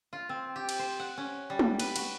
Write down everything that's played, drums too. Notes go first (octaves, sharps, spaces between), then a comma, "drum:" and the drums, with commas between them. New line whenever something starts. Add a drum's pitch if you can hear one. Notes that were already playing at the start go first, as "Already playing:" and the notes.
F4
C4
G4
drum: cymbal
C5
F#5
C#4
G3
drum: tom
B4, drum: cymbal
F#4, drum: cymbal